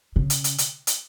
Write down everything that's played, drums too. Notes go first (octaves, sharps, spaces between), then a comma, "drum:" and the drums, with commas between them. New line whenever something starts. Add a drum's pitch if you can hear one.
C#3
drum: hi-hat
drum: hi-hat
drum: hi-hat
drum: hi-hat